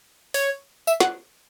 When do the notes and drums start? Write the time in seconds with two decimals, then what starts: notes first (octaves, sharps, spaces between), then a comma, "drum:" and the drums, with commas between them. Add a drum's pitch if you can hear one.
0.34 C#5, drum: open hi-hat
0.87 E5, drum: tambourine
1.00 F#5, drum: snare